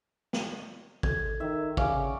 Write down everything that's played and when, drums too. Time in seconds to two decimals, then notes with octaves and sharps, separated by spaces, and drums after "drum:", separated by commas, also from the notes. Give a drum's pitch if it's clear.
0.33 drum: snare
1.03 A4 G#6, drum: kick
1.40 D#3 E5
1.77 C#3 C#4 D5 F5 F#5, drum: kick